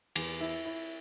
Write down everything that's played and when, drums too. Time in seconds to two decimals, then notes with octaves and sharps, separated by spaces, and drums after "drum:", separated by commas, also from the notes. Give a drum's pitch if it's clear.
0.16 E2, drum: cymbal
0.41 E4
0.65 E4